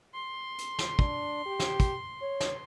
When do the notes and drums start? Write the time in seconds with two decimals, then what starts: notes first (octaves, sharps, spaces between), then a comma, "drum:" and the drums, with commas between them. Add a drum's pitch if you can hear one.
0.14 C6
0.58 drum: hi-hat
0.79 drum: snare
0.99 D4, drum: kick
1.46 G4
1.59 drum: snare
1.80 drum: kick, hi-hat
2.21 C#5
2.40 drum: snare